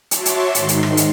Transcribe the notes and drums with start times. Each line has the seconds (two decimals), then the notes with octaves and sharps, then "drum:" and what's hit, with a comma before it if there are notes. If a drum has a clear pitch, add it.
0.11 F#4 C#5 E5 A5 C6 D6, drum: hi-hat
0.26 drum: hi-hat
0.55 G#2 D#3 C6, drum: hi-hat
0.69 drum: hi-hat
0.83 drum: rim click
0.97 drum: hi-hat